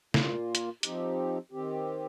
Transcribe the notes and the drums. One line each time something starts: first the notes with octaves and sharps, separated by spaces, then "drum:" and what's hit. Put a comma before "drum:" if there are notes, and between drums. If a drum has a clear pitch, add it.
A#2 A#3 F4, drum: snare
drum: hi-hat
F3 C4 D#4 G4, drum: hi-hat
D#3 C4 G4